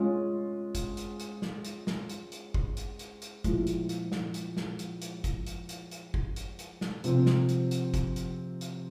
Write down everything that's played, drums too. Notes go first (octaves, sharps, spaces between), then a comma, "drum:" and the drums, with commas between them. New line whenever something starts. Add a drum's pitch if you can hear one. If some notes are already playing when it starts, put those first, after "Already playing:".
Already playing: G#3 C#4 F4
drum: kick, hi-hat
drum: hi-hat
drum: hi-hat
drum: snare
drum: hi-hat
drum: snare
drum: hi-hat
drum: hi-hat
drum: kick
drum: hi-hat
drum: hi-hat
drum: hi-hat
A#2 F3 G#3 E4, drum: kick, hi-hat
drum: hi-hat
drum: hi-hat
drum: snare
drum: hi-hat
drum: snare
drum: hi-hat
drum: hi-hat
drum: kick, hi-hat
drum: hi-hat
drum: hi-hat
drum: hi-hat
drum: kick
drum: hi-hat
drum: hi-hat
drum: snare
C3 F3 C4, drum: hi-hat
drum: snare
drum: hi-hat
drum: hi-hat
drum: kick, hi-hat
drum: hi-hat
drum: hi-hat